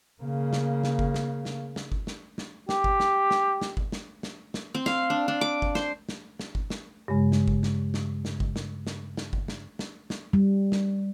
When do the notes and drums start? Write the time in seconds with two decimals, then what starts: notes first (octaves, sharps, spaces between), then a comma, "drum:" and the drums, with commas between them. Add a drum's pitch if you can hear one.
0.23 C#3 A#3
0.53 drum: snare
0.84 drum: snare
0.99 drum: kick G1
1.14 drum: snare
1.45 drum: snare
1.76 drum: snare
1.92 drum: kick G1
2.07 drum: snare
2.38 drum: snare
2.69 G4, drum: snare
2.84 drum: kick G1
3.00 drum: snare
3.31 drum: snare
3.62 drum: snare
3.77 drum: kick G1
3.92 drum: snare
4.23 drum: snare
4.54 drum: snare
4.75 C4
4.86 F5, drum: snare
5.10 D4
5.28 D4
5.41 D6
5.62 drum: kick G1
5.75 C5, drum: snare
6.09 drum: snare
6.39 drum: snare
6.55 drum: kick G1
6.70 drum: snare
7.08 G2 C#3 G#3
7.32 drum: snare
7.48 drum: kick G1
7.63 drum: snare
7.94 drum: snare
8.25 drum: snare
8.40 drum: kick G1
8.56 drum: snare
8.87 drum: snare
9.17 drum: snare
9.33 drum: kick G1
9.48 drum: snare
9.79 drum: snare
10.10 drum: snare
10.33 G3
10.72 drum: snare